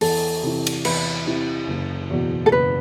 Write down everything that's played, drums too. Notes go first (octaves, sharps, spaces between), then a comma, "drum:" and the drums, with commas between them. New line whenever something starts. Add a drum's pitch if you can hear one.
E2 A4, drum: open hi-hat
C3 E3
drum: cymbal
E2 B4, drum: cymbal
C3 E3
F#1
E2 B2
A4
F#1 B4